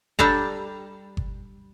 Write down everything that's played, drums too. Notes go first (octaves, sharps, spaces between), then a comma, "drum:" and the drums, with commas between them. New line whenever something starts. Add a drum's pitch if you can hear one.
G3 D4 A4 A#5, drum: kick G1
drum: kick G1